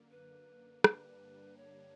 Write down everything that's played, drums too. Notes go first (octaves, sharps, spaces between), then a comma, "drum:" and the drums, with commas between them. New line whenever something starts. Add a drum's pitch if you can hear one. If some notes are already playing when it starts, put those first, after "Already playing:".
Already playing: F#2 D3 A#3
B4
G2 D3 G3 A#3 D4 B4, drum: rim click
C#5